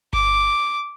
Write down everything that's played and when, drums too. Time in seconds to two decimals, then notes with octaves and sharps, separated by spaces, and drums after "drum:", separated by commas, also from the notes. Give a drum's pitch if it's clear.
0.13 D6, drum: kick G1